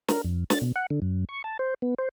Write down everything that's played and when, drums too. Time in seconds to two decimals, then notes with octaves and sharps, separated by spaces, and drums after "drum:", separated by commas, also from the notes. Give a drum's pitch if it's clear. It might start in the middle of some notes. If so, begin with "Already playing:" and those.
0.08 A#4, drum: snare
0.24 F2
0.50 A6, drum: snare
0.61 B2
0.76 F#5
0.90 D3
1.02 F#2
1.29 C#6
1.44 A5
1.59 C5
1.82 B3
1.98 C5